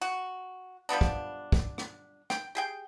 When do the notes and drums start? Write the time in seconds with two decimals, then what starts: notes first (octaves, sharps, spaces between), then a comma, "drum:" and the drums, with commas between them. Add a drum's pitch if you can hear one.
0.01 F#4
0.89 F3 G3 B3 D4
1.01 drum: kick
1.52 drum: kick
1.78 drum: rim click
2.30 G5, drum: rim click
2.55 G4 G#4 G5